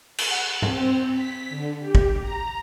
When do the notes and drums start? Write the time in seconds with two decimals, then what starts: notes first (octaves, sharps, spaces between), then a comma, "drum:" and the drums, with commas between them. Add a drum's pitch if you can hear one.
0.18 F#5, drum: cymbal
0.62 C4, drum: tom G#2
1.12 B6
1.50 D3
1.80 G4
1.95 drum: kick
2.20 A#5